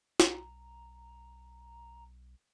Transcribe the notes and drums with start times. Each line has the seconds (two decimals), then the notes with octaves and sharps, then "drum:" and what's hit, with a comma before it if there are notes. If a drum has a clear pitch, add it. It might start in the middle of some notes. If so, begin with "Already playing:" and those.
0.20 B1 A#5, drum: snare